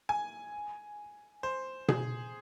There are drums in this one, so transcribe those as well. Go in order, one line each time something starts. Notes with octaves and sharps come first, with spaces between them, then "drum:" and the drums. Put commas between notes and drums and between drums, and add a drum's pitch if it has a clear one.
G#5
C5
G#4, drum: tom B2